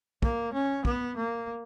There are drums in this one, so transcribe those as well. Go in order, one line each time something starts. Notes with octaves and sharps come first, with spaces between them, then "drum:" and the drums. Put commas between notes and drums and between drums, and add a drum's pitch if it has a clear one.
A#3, drum: kick
C#4
B3, drum: kick
A#3